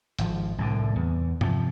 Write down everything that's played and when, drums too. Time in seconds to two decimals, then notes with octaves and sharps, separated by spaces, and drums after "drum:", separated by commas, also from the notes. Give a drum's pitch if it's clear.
0.19 G#1 F3, drum: hi-hat
0.58 C2 A2 D3
0.96 E2
1.41 C3 F3, drum: tom G2